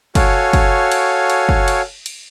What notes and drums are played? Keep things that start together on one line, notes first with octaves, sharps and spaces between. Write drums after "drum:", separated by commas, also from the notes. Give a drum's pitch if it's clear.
F#4 A4 C#5 F5 G#5, drum: kick, cymbal
drum: kick, cymbal
drum: cymbal
drum: cymbal
drum: kick
drum: cymbal
drum: cymbal